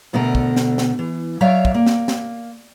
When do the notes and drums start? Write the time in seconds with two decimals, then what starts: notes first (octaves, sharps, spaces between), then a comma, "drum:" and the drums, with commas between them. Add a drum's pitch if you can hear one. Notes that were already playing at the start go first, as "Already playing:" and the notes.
0.13 D2 B2 D3 A3 A#4
0.35 drum: kick
0.56 drum: snare
0.78 drum: snare
0.99 E3
1.41 F#3 C#5 D5 E5 F5
1.65 drum: kick
1.74 A#3
1.86 drum: snare
2.08 drum: snare